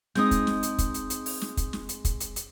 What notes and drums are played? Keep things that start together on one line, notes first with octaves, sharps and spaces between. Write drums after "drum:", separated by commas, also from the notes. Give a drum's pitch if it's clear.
G#3 C4 D#4 D#6 G6, drum: snare
drum: kick, hi-hat
drum: snare
drum: hi-hat
drum: kick, hi-hat
drum: hi-hat
drum: hi-hat
drum: open hi-hat
drum: snare
drum: kick, hi-hat
drum: snare
drum: hi-hat
drum: kick, hi-hat
drum: hi-hat
drum: hi-hat